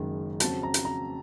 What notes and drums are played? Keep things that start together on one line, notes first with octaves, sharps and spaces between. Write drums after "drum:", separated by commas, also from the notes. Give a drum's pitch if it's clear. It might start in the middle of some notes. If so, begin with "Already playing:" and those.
Already playing: F#1 F#2 D#3 G#3
F2 C#3 F#3 A5, drum: hi-hat
A#5
drum: hi-hat
A#5